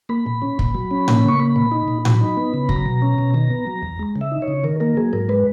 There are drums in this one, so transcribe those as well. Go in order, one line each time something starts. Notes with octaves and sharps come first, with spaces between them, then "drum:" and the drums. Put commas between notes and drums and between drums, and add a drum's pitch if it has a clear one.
A#3 B5
A#2
C#4
A#2, drum: kick
F#3
C#4
A#3, drum: tom A2
C#3 C#6
A#3 B5
A#2
D#4
A#2
F#3, drum: tom A2
D#4
B3
C#3
F#3 A#5, drum: kick
B2
C#4
B2
D#3 A#5
B3
F#3
E2
G#3
C#3
E5
D#4
C#5
C#3
D#3 A#4
A#3 A#4
F#3 G#4
G#2 A#4
G#3 B4